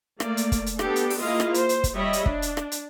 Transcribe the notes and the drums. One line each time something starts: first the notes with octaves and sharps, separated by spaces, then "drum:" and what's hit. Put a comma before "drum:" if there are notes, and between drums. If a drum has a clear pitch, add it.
A3 A#3 D5, drum: rim click
drum: hi-hat
drum: kick, hi-hat
drum: hi-hat
B3 D4 G4 A4, drum: rim click
drum: hi-hat
drum: open hi-hat
A#3 E4 F4 G#4 D#5 F5
drum: rim click
C5, drum: hi-hat
drum: hi-hat
drum: kick, hi-hat
G3 C#5 D#5 E5 B5
drum: hi-hat
D4, drum: kick
drum: hi-hat
drum: rim click
drum: hi-hat